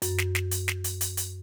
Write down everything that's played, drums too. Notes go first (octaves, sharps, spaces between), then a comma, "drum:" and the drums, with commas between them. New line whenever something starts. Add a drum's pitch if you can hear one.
F#2, drum: hi-hat
drum: snare
drum: snare
drum: hi-hat
drum: snare
drum: hi-hat
drum: hi-hat
drum: hi-hat